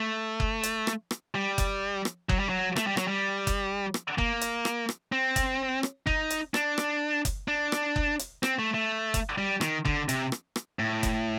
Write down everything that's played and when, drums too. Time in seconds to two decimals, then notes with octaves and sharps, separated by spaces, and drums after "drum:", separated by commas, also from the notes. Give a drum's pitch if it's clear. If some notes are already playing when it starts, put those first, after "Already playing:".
Already playing: A3
0.40 drum: kick F#1
0.63 drum: hi-hat
0.87 drum: rim click
1.11 drum: rim click
1.35 G3
1.58 drum: kick F#1, hi-hat
2.05 drum: rim click
2.29 F#3, drum: kick F#1
2.40 G3
2.49 F#3
2.76 A3, drum: rim click
2.87 G3
2.97 F#3, drum: rim click
3.08 G3
3.47 drum: kick F#1, hi-hat
3.94 drum: rim click
4.18 A#3, drum: kick F#1
4.41 drum: hi-hat
4.65 drum: rim click
4.89 drum: rim click
5.12 C4
5.36 drum: kick F#1, hi-hat
5.83 drum: rim click
6.07 D#4, drum: kick F#1
6.30 drum: hi-hat
6.54 D4, drum: rim click
6.78 drum: rim click
7.25 drum: kick F#1, hi-hat
7.48 D4
7.72 drum: rim click
7.96 drum: kick F#1
8.19 drum: hi-hat
8.43 C4, drum: rim click
8.59 A3
8.74 A3
9.14 drum: kick F#1, hi-hat
9.38 G3
9.61 D#3, drum: rim click
9.85 D3, drum: kick F#1
10.09 C3, drum: hi-hat
10.32 drum: rim click
10.56 drum: rim click
10.79 A2
11.03 drum: kick F#1, hi-hat